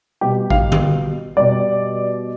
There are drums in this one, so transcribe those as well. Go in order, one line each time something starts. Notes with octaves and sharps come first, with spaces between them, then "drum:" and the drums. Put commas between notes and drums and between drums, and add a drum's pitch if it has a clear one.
B2 G3 G4
F5, drum: kick A1
drum: tom D3
B2 G3 D5